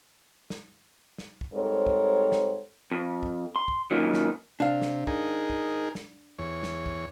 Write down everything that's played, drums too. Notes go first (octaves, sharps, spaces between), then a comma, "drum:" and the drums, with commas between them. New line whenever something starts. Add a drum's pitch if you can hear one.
drum: snare
drum: snare
drum: kick
G#2 G3 C4 A4 A#4 C#5
drum: kick
drum: snare
F2
drum: kick
C6
drum: kick
F#2 A#2 D#3 F#3
drum: snare
C3 D4 F5
drum: snare
D#4 G#4 A#4, drum: kick
drum: kick
drum: snare
E2 C#5
drum: snare
drum: kick